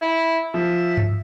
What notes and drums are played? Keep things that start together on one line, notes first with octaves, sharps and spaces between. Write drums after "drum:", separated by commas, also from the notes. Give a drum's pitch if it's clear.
E4
F3 E5
drum: tom G2